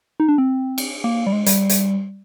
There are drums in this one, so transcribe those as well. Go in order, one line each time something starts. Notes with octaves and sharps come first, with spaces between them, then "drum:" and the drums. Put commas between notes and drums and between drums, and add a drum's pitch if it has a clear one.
D#4
D4
C4
drum: cymbal
A#3
G3
G#3
G3, drum: hi-hat
drum: hi-hat